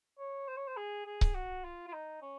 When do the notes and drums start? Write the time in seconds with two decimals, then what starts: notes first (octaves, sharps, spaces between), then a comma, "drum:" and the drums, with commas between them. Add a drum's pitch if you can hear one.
0.19 C#5
0.48 C5
0.57 C#5
0.67 C5
0.77 G#4
1.06 G#4
1.21 drum: kick C#1
1.35 F#4
1.64 F4
1.88 F4
1.93 D#4
2.22 C#4